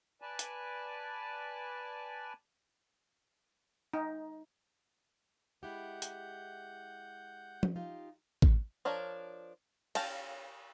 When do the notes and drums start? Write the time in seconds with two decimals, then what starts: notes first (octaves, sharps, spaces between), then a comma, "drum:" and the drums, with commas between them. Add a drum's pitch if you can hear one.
0.22 B4 D5 G#5 A5
0.39 drum: hi-hat
3.94 D#4
5.63 G#3 E4 G4 F#5 G6
6.02 drum: hi-hat
7.63 drum: tom F3
7.76 D#4 F4 G4
8.42 drum: kick A1
8.85 F3 D4 A#4 C#5
9.95 C#4 F5 G5 A5, drum: cymbal